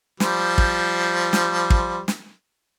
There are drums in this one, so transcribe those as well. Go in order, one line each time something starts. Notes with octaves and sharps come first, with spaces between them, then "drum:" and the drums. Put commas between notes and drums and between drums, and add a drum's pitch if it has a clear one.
F3 G3 C5, drum: snare
drum: kick
drum: snare
drum: kick
drum: snare